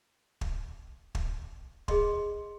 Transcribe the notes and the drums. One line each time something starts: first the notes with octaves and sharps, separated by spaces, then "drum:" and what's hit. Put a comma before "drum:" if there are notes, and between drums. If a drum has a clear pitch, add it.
drum: kick
drum: kick
G#4 D#5 C6, drum: kick